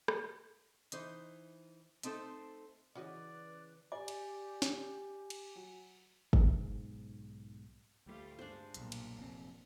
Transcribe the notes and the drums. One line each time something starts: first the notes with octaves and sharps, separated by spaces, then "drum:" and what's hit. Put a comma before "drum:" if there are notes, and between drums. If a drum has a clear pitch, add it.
drum: rim click
E3 D#4 C5, drum: hi-hat
A3 C4 D#4 A4 C5, drum: hi-hat
C#3 E3 C#4 F#4 B4 D5 D#5
G4 D5 G#5
drum: cymbal
drum: snare
drum: cymbal
F#3
B1 G#2, drum: kick
D2 F#3 G3 A3 D4 F4
G2 G#3 D4 C5
B1 G2 A#2, drum: hi-hat
drum: cymbal
F1 F#2 C4